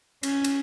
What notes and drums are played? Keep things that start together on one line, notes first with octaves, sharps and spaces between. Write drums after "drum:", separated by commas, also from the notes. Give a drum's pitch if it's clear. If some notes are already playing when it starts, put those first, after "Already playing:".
C#4, drum: cymbal
drum: cymbal